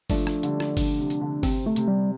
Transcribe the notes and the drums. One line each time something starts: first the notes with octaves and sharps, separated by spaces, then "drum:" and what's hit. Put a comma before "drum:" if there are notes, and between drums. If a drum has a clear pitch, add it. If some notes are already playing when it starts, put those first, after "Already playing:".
F3 A3 D4, drum: kick G1, open hi-hat
drum: rim click
D3 G3, drum: hi-hat
drum: rim click
D3, drum: kick G1, open hi-hat
C3
drum: hi-hat
D3
C3 C4, drum: kick G1, open hi-hat
A3
C3, drum: hi-hat
G3